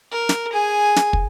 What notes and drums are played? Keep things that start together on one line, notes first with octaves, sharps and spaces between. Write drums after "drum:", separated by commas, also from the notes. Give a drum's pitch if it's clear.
A#4
drum: snare
G#4 G#5
drum: snare
drum: kick